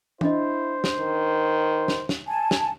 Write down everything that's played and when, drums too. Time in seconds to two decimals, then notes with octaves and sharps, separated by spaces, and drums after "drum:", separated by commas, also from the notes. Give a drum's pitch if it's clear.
0.21 D4 E4 C5 D#5, drum: tom
0.84 drum: snare
0.98 D#3
1.88 drum: snare
2.09 drum: snare
2.27 G#5 A5
2.51 drum: snare